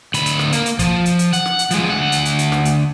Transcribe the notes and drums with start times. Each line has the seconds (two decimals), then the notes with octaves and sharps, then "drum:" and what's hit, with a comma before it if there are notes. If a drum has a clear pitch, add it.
0.14 D2 B5, drum: hi-hat
0.26 drum: hi-hat
0.39 drum: snare
0.52 A#3, drum: hi-hat
0.66 drum: hi-hat
0.79 F3, drum: kick, hi-hat
1.06 drum: hi-hat
1.19 drum: hi-hat
1.33 F#5, drum: hi-hat
1.45 drum: snare
1.59 drum: hi-hat
1.71 F3 G#3, drum: hi-hat
1.90 D2 F#5
2.12 drum: hi-hat
2.25 drum: hi-hat
2.39 drum: hi-hat
2.52 drum: snare
2.65 drum: hi-hat